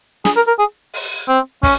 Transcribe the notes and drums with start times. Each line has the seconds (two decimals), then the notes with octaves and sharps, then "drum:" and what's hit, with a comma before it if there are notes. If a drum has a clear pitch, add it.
0.25 G#4, drum: snare
0.36 A#4
0.47 A#4
0.59 G#4
0.94 drum: open hi-hat
1.28 C4
1.63 C#4, drum: kick, open hi-hat